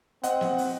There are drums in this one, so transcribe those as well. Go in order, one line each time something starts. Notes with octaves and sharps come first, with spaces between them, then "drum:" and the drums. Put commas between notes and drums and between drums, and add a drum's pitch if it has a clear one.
C4 D#5 F#5, drum: hi-hat
drum: snare
drum: open hi-hat